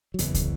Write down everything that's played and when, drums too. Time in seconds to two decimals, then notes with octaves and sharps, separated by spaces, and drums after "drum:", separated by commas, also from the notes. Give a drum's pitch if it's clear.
0.14 F#3
0.19 F#1 E2 C#3 E3, drum: hi-hat
0.34 drum: kick, hi-hat